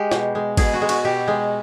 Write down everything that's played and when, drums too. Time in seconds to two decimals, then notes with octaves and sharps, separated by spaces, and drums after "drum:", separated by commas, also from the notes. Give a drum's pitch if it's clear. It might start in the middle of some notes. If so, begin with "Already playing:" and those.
Already playing: G#3 G4
0.12 B2, drum: snare
0.35 G#3
0.57 B2 G#4, drum: kick, cymbal
0.74 F#4
0.82 G#3
0.89 F#4, drum: cymbal
1.05 B2 G4
1.28 G#3